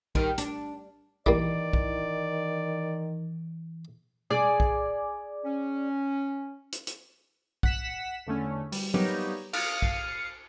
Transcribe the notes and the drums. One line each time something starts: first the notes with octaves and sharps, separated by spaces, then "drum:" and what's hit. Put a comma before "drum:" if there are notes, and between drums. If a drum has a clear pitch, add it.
D#3 G3, drum: kick B1
D4, drum: hi-hat
D#3 E3 G3 A#3 D5, drum: kick B1
drum: kick B1
G#4 D5 G#5, drum: tom B2
drum: kick B1
C#4
drum: hi-hat
drum: hi-hat
F#5 B6 E7, drum: kick B1
E2 D3 A3 C#4
G3, drum: open hi-hat
G3 A#3 B3 D#4 G4 C#5, drum: tom
F5 D#6 C#7, drum: cymbal
drum: kick B1